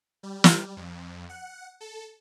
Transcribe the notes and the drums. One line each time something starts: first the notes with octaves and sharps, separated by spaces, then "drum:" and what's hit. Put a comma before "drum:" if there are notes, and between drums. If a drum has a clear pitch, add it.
G3
drum: snare
F2
F#5
A4